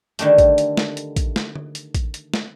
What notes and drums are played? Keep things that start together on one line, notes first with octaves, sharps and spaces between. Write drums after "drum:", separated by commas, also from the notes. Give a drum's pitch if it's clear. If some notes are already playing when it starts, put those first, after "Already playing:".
D3 D#3 G3 A3, drum: hi-hat
drum: kick, hi-hat
drum: hi-hat
drum: snare
drum: hi-hat
drum: kick, hi-hat
drum: snare
drum: tom D3
drum: hi-hat
drum: kick, hi-hat
drum: hi-hat
drum: snare